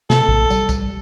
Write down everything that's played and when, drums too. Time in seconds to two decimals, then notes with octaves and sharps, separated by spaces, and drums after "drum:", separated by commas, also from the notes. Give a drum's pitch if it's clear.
0.10 C3 A4, drum: snare
0.28 A#1
0.50 G3, drum: tambourine
0.69 drum: kick, tambourine